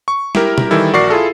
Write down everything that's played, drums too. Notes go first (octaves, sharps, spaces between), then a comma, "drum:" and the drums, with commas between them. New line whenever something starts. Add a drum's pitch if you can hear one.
C#6
E4 G4 A#4, drum: snare
drum: tom
D#3 E3 G3 E4 A4
A#1 F#4 A#4 D5 C#6 C7
E4 F4 G#4 A4